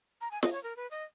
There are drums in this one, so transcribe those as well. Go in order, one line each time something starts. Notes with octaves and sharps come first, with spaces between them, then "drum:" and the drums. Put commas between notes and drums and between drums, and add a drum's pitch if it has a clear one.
A#5
G#5
D#5, drum: snare
C#5
A#4
B4
D#5